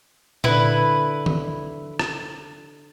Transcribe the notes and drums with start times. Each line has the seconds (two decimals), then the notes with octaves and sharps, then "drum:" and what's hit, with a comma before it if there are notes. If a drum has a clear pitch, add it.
0.44 D3 E4 B4 F#5, drum: tom A#2
1.26 drum: tom D#3
1.99 drum: rim click